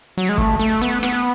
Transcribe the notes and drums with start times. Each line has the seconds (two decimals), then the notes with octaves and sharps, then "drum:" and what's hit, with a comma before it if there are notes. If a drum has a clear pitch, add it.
0.17 F#3
0.29 G#3
0.38 A3, drum: kick
0.59 A3
0.82 B3
1.03 B3, drum: rim click